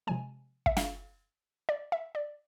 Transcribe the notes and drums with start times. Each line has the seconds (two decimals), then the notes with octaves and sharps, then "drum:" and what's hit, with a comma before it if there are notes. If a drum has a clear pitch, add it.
0.07 C3 F3 G#3 G#5
0.66 E5, drum: kick
0.77 F5, drum: snare
1.69 D5
1.92 E5
2.15 D5